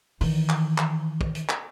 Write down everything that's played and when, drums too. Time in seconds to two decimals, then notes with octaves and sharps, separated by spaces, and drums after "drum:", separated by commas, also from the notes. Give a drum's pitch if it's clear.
0.21 D#3 E3, drum: open hi-hat
0.49 drum: clap
0.78 drum: clap
1.21 drum: kick
1.35 drum: hi-hat
1.49 drum: clap